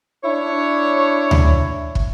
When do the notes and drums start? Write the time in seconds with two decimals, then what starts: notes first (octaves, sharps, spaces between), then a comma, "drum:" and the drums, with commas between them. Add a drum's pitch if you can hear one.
0.24 D4 E4 C#5
1.31 drum: tom D2
1.95 drum: kick